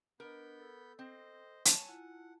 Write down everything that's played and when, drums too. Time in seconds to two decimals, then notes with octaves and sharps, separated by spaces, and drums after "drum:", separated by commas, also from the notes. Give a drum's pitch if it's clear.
0.20 B3 D4 A#4 D#5 B5 G6
0.59 A4 E6
0.99 C4 C5 D#5
1.65 C#5 G#5 A5, drum: hi-hat
1.88 E4 F4 F#5